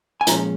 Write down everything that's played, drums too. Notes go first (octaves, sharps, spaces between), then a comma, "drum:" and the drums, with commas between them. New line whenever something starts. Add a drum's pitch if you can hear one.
G#5
A#2 F3 G#3 C#4 A#5, drum: hi-hat